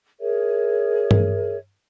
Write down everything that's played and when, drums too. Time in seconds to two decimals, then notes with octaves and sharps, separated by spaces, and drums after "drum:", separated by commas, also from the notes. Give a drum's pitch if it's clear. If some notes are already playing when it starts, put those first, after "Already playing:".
0.19 G#4 A#4 C#5 E5
1.11 drum: tom G2